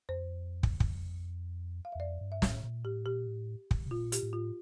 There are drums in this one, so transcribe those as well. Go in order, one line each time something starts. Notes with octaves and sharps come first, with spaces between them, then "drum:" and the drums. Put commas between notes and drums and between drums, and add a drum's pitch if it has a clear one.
F2 C5
drum: kick
drum: kick
F5
E5
E2
F2 D5
G2
E5
A2, drum: snare
A#2
A2 G4
A#2 G4
A2
drum: kick
C3
A#2 F4
G4, drum: hi-hat
A2
F4